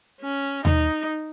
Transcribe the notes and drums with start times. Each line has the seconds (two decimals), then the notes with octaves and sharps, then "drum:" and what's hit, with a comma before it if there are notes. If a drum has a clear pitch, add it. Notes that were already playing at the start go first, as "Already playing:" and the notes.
0.21 C#4
0.65 D#4, drum: tom D#2